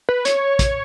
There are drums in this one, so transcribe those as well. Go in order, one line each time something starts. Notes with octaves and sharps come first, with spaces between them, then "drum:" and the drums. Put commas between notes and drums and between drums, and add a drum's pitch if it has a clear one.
B4
C#5, drum: hi-hat
drum: kick, hi-hat